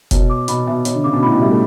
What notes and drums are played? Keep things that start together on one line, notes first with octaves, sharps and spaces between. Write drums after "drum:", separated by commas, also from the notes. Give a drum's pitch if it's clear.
B2 C#5, drum: kick F1, hi-hat
D6
B2 B5, drum: hi-hat
B2 E5
B2 C#5, drum: hi-hat
D3
C#3 D6
B2
A2 B5
B2
G3 E5
A3